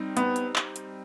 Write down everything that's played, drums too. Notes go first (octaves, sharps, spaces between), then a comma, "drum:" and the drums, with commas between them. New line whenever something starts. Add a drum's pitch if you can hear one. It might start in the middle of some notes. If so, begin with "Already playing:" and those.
Already playing: G3 C4 D#4
B3, drum: hi-hat
drum: hi-hat
drum: clap
drum: hi-hat